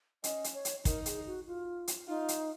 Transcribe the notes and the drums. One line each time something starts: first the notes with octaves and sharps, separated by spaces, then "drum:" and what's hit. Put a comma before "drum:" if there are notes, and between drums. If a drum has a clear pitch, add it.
C#4 D#5, drum: hi-hat
drum: hi-hat
C#5
drum: hi-hat
D#4 A#4, drum: kick, hi-hat
G#4, drum: hi-hat
F#4
F4
drum: hi-hat
D#4 F4
drum: hi-hat